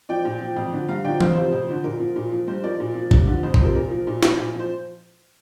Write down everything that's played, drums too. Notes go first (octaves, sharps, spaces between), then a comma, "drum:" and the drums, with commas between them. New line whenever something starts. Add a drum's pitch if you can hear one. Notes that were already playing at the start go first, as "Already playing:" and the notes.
F3 D5 G5
A#2
F3
F2
D3 F3
G2 F5 A#5
D3 F3 D5 G5
F2 C5 F5, drum: tom E3
C3 F3 C5
F2
D3 F3
A#2 A#4
F3
A#2
F3
G2 C5
F3 A#4 D5
A#2
F3
G2, drum: kick A1
D3 F3
F2 C5
C5, drum: kick A1
C3 F3 A#4
A#2 A#4
F3
A#2
F3, drum: snare
A#2
F3
C5